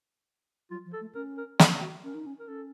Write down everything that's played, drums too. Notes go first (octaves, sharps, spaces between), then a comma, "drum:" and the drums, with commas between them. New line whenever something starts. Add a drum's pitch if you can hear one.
F#3 F4
F3
A4
A3
C#4 A#4
A#4
A4, drum: snare
F#4
C#4 A#4
D#4
C#4
A#4
C#4 A4